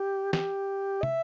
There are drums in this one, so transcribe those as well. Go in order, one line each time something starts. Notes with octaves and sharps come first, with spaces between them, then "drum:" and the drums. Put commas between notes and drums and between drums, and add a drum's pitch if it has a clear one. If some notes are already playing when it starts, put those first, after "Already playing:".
Already playing: G4
G4, drum: snare
E5, drum: tom